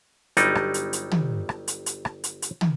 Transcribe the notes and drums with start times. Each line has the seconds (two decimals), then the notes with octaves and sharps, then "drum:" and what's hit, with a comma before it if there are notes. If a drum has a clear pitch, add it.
0.37 G1 F#3 G3 D#4 D5, drum: hi-hat
0.55 drum: rim click
0.74 drum: hi-hat
0.93 drum: hi-hat
1.11 drum: tom
1.49 drum: rim click
1.68 drum: hi-hat
1.86 drum: hi-hat
2.05 drum: rim click
2.24 drum: hi-hat
2.42 drum: hi-hat
2.61 drum: tom